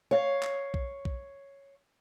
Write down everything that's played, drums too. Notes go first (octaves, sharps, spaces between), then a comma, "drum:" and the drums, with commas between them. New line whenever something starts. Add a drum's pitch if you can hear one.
C#5 F5
drum: clap
drum: kick B1
drum: kick B1